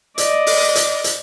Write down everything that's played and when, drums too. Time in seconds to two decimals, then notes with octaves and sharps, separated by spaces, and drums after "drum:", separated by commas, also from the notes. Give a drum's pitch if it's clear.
0.18 D5 D#5, drum: hi-hat
0.47 drum: open hi-hat
0.75 drum: hi-hat
1.04 drum: hi-hat